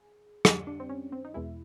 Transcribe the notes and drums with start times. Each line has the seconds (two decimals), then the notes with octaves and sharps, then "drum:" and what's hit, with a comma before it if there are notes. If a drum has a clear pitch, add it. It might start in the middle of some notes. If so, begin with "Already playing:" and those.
Already playing: G#4
0.45 F2 D3 G3 G4, drum: rim click
0.67 D4
0.80 C4
0.89 C#4
1.12 C4
1.25 D#4
1.34 E2 B2 G#3 E4